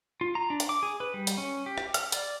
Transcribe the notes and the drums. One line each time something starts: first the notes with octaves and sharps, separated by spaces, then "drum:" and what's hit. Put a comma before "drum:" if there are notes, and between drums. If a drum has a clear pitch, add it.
F4
A#5
D4
drum: hi-hat
D6
G#4
B4
G3
drum: hi-hat
C#4
G4
drum: rim click
F6, drum: hi-hat
D5, drum: hi-hat